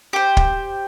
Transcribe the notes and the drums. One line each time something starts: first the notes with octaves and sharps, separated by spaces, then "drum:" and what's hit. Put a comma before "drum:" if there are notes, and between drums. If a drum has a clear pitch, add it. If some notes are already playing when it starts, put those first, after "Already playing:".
G4 C5
drum: kick